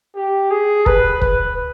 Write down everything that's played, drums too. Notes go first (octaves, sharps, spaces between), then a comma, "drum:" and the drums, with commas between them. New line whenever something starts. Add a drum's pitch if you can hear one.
G4
G#4
B4, drum: kick
B4, drum: kick